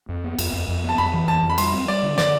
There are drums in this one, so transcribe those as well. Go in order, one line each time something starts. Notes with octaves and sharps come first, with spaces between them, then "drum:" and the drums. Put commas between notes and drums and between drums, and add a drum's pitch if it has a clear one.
F2
B3
F2, drum: cymbal
F2
F2
B3
A5
F2 B5
E3
F2 A5
F2
B5
G3 C6, drum: cymbal
C4
G3 D5
D3
D3 D5, drum: snare